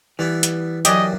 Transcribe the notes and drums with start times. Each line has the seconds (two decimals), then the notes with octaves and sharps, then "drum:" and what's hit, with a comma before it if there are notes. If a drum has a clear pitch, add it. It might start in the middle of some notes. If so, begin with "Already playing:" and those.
0.19 E3 G3 B3 E4
0.43 drum: hi-hat
0.85 F#2 F#3 A#3 G4 D5 D#5 G#5, drum: hi-hat